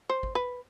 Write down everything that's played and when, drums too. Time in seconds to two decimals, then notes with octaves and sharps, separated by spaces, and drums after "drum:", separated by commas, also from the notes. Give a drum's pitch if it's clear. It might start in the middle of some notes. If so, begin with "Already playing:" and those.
0.09 C5
0.23 drum: kick
0.35 B4